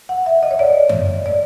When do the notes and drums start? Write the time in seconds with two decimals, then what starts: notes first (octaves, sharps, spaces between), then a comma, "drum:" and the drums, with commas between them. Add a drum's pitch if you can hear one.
0.09 F#5
0.26 E5
0.43 D#5
0.51 C#5
0.59 D5
0.89 drum: tom F#2
1.26 D5